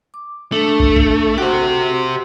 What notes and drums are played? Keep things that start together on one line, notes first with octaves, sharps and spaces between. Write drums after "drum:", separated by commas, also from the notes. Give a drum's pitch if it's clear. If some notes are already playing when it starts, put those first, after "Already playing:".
D6
A3 D4
drum: kick
drum: kick
F#4 G4 C5 F#5